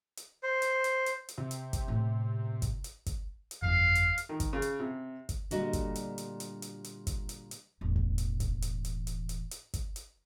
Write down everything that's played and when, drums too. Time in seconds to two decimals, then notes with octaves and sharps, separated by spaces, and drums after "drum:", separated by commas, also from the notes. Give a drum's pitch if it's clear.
0.17 drum: hi-hat
0.43 C5
0.62 drum: hi-hat
0.84 drum: hi-hat
1.06 drum: hi-hat
1.29 drum: hi-hat
1.38 C3
1.51 drum: hi-hat
1.73 drum: kick G1, hi-hat
1.88 A2 A#3
2.62 drum: kick G1, hi-hat
2.84 drum: hi-hat
3.06 drum: kick G1, hi-hat
3.51 drum: hi-hat
3.62 G1 F2 F5
3.95 drum: hi-hat
4.18 drum: hi-hat
4.29 D#3
4.40 drum: kick G1, hi-hat
4.53 C#3
4.62 drum: hi-hat
4.80 C3
5.29 drum: kick G1, hi-hat
5.51 A#2 D3 G3 F#4 D#5, drum: hi-hat
5.73 drum: kick G1, hi-hat
5.95 drum: hi-hat
6.18 drum: hi-hat
6.40 drum: hi-hat
6.62 drum: hi-hat
6.84 drum: hi-hat
7.07 drum: kick G1, hi-hat
7.29 drum: hi-hat
7.51 drum: hi-hat
7.81 E1 A1
7.96 drum: kick G1
8.18 drum: hi-hat
8.40 drum: kick G1, hi-hat
8.62 drum: hi-hat
8.85 drum: hi-hat
9.07 drum: hi-hat
9.29 drum: hi-hat
9.51 drum: hi-hat
9.74 drum: kick G1, hi-hat
9.96 drum: hi-hat